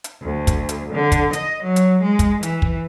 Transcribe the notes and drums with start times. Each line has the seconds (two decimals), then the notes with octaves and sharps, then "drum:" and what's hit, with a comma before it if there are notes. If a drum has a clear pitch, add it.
0.04 drum: hi-hat
0.22 D2
0.47 drum: kick, hi-hat
0.69 drum: hi-hat
0.93 D3
1.12 drum: kick, hi-hat
1.33 D#5, drum: hi-hat
1.63 F#3
1.76 drum: hi-hat
2.03 G#3
2.19 drum: kick, hi-hat
2.43 E3, drum: hi-hat
2.62 drum: kick